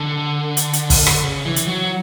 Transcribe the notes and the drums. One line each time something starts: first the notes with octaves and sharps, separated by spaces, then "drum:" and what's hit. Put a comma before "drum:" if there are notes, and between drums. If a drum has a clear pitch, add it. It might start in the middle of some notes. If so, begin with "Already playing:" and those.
Already playing: D3
drum: hi-hat
drum: hi-hat
drum: kick, open hi-hat
drum: rim click
C#3
E3
drum: hi-hat
F#3